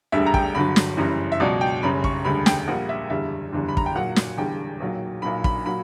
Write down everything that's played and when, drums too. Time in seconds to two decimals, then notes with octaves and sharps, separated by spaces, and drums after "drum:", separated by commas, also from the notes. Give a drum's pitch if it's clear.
0.12 E1 D2 D3 G3 E5
0.26 A#5
0.34 G5, drum: kick
0.55 G1 G2 D3 F#3 B5
0.76 drum: snare
0.97 F#1 F#2 E3 G3
1.32 E5
1.40 C#2 B2 F#3 D5
1.61 G5
1.83 F#1 F#2 C#3 G3 B5
2.04 C#6, drum: kick
2.25 E1 D2 D3 G3 B5
2.46 G5, drum: snare
2.67 A#1 A#2 G3 F#5
2.89 E5
3.10 F#1 E2 D3 G3 E5
3.52 F#1 E2 D3 G3
3.68 B5
3.77 A#5, drum: kick
3.86 G5
3.95 B1 A#2 F#3 F#5
4.16 drum: snare
4.37 E1 E2 D3 G3 G5
4.80 B1 A#2 F#3
5.22 B1 A#2 F#3 B5
5.44 B5, drum: kick
5.66 A#2 F#3 B5